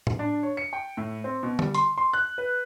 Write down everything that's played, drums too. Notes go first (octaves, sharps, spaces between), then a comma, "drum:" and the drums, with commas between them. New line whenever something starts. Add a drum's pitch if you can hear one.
drum: tom A2
D4
C#5
C#7
G5
A2
C4
B2
G3, drum: tom D3
C6, drum: hi-hat
C6
F#6
B4